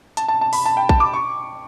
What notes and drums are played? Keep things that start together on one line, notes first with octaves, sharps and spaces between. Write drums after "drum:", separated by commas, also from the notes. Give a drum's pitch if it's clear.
A5, drum: hi-hat
A5
A5
B5, drum: open hi-hat
A5
G5
A5, drum: kick A#1
D6
C#6